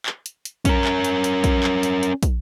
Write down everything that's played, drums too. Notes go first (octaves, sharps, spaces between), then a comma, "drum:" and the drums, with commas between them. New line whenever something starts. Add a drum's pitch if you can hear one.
drum: clap
drum: hi-hat
drum: hi-hat
C#4 A#4, drum: kick, hi-hat
drum: clap
drum: hi-hat
drum: hi-hat
drum: kick, hi-hat
drum: clap
drum: hi-hat
drum: hi-hat
drum: kick, hi-hat